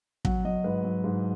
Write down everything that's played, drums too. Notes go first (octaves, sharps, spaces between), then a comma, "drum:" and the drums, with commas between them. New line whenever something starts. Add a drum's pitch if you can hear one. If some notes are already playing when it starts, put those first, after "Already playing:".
F#3 F#5, drum: kick
F#3 D#5
G#2 B4
F#3
G#2